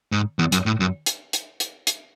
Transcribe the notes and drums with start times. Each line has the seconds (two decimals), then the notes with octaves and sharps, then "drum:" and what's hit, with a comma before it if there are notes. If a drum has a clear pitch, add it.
0.12 G#2
0.39 E2
0.52 F#2, drum: hi-hat
0.66 A2
0.80 F#2
1.06 drum: hi-hat
1.33 drum: hi-hat
1.60 drum: hi-hat
1.87 drum: hi-hat